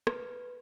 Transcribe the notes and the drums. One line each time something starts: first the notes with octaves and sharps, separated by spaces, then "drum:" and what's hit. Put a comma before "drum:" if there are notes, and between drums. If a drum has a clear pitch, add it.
B4, drum: rim click